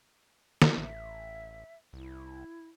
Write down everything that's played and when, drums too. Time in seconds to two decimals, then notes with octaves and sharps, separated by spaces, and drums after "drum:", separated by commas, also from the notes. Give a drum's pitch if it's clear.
0.62 drum: snare
0.77 A1 E5
1.93 C2 E4